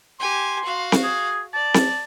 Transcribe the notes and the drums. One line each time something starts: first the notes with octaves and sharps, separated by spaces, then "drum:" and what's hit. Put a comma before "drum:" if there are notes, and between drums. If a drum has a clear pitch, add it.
G4 G#5 C6
F#4 F5
drum: snare C4
G#4
D5 A5
drum: snare C4